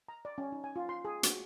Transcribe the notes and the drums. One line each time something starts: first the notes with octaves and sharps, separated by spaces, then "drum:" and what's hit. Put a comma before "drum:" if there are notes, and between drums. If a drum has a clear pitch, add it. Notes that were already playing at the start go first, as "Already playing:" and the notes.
A#5
D5
C#4
D#4
G#5
F4
C6
G#4
F#4, drum: hi-hat